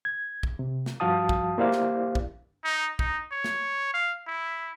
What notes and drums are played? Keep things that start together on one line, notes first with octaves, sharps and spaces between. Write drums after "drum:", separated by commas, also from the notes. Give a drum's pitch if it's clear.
G#6
drum: kick
C3
drum: snare
G2 F3 F#4 F5 A5 D#6
drum: kick
A#3 E4 G4 C5 D5 F5
drum: snare
drum: kick
D#4
D#4, drum: kick
C#5
drum: snare
F5
E4